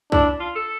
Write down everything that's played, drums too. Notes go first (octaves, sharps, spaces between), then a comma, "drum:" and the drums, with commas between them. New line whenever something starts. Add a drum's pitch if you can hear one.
D4 E4, drum: kick
F4
A4